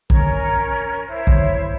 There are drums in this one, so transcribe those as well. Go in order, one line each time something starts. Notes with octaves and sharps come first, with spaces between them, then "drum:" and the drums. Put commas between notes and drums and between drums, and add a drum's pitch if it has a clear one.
C#4 A#4 G#6, drum: kick
E4 C5 C#5
drum: kick